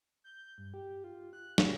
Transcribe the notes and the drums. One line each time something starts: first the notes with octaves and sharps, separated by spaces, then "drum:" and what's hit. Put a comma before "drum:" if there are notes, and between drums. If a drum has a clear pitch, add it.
G6
G2
G4
F4
F#6
F#3, drum: snare